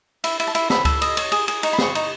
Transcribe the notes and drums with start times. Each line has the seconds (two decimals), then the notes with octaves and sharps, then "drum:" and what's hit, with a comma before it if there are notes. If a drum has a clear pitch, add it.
0.24 E4, drum: cymbal
0.40 E4, drum: cymbal
0.47 A5
0.55 E4, drum: cymbal
0.70 A4 B5, drum: snare
0.85 A4, drum: kick C#2, cymbal
1.02 D#5, drum: cymbal
1.17 C#5, drum: cymbal
1.32 G#4, drum: cymbal
1.48 G#4, drum: cymbal
1.63 D#4 C#6, drum: cymbal
1.73 B5
1.78 G#4 C#6, drum: snare
1.95 D#4, drum: cymbal